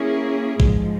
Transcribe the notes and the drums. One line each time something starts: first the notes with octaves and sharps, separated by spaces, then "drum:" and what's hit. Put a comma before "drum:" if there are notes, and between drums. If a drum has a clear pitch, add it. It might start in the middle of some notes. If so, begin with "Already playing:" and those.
Already playing: A#3 C#4 E4 G#4
G#2 F3 G#3, drum: kick